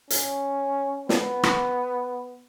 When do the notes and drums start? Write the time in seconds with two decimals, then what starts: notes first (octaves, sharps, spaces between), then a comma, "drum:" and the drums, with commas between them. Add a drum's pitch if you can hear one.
0.10 C#4, drum: hi-hat
1.09 B3, drum: snare
1.43 drum: rim click